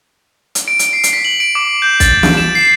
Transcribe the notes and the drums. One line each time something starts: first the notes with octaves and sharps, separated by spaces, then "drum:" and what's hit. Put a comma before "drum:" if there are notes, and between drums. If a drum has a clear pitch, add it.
drum: hi-hat
D7
drum: hi-hat
C7
drum: hi-hat
B6
F#7
D7
D6
G6
A6, drum: kick, hi-hat
D7, drum: snare
E7
C7